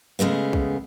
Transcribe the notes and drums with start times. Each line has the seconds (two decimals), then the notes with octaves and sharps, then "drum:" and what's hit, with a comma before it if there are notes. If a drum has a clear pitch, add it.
0.19 C#3 G#3 A3 B3
0.53 drum: kick B1